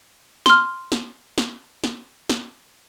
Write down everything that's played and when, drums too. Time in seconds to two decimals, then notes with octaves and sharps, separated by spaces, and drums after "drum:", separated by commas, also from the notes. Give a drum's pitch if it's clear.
0.46 C6 F6, drum: snare
0.92 drum: snare
1.38 drum: snare
1.84 drum: snare
2.29 drum: snare